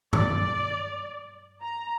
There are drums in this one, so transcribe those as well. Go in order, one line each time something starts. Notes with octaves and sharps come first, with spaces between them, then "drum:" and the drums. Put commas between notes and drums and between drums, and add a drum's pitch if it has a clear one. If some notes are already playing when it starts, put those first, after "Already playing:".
D5, drum: tom G2
A#5